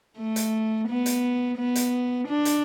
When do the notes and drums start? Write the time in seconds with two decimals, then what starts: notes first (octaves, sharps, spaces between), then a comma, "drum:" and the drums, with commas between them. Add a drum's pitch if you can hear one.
0.18 A3
0.36 drum: hi-hat
0.88 B3
1.06 drum: hi-hat
1.58 B3
1.75 drum: hi-hat
2.28 D4
2.45 drum: hi-hat